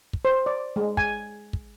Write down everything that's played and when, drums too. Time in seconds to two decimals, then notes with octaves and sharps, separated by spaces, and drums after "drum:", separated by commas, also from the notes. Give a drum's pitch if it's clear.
0.13 drum: kick
0.25 C5
0.46 D5
0.76 G#3
0.97 G#5, drum: kick
1.53 drum: kick